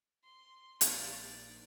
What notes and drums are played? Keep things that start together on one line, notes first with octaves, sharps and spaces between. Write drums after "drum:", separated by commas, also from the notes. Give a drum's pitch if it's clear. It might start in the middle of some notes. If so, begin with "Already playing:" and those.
C6
A#1 D#4 D5, drum: hi-hat